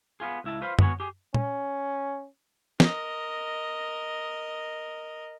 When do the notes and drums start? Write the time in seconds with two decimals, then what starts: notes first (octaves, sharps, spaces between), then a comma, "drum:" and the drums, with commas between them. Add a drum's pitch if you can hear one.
0.20 B3 F4 G#4
0.44 C#2 E4 A5
0.62 F4 B4 C5 F5
0.79 B3 F#4 C#5 G#5, drum: tom F#2
1.00 G4 G#4
1.34 C#4, drum: tom
2.80 A#4 D#5, drum: snare